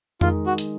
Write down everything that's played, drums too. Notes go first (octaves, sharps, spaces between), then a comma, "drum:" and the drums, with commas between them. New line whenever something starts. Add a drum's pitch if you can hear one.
D#3 G#3 D#4 F4, drum: tom F2
F#4
drum: hi-hat